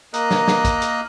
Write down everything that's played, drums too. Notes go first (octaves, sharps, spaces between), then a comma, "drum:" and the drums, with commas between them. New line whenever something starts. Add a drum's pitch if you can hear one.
A#3 A#4 D#5 F#6, drum: hi-hat
drum: snare
drum: snare
drum: kick, hi-hat
drum: hi-hat